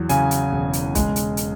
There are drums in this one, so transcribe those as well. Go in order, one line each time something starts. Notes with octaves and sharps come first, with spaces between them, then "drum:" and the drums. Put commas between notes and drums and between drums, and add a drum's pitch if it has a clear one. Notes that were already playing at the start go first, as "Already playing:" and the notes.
Already playing: E2 F#3
C#3 G#5, drum: hi-hat
drum: hi-hat
E1
drum: hi-hat
G#3, drum: kick, hi-hat
drum: hi-hat
drum: hi-hat